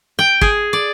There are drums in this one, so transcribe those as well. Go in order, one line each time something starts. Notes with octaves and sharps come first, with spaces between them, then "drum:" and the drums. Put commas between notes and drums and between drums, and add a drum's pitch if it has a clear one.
G5
G#4, drum: kick
D5